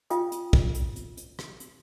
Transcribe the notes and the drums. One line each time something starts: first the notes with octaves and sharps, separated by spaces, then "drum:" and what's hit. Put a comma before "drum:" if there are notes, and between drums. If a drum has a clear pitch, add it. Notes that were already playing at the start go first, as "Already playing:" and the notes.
F4 F5 G5 D#6, drum: hi-hat
drum: hi-hat
drum: kick
drum: hi-hat
drum: hi-hat
drum: hi-hat
drum: rim click
drum: hi-hat